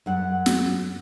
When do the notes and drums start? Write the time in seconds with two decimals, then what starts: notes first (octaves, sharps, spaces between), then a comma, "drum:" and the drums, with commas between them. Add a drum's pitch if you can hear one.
0.06 F#2 F#5
0.46 drum: snare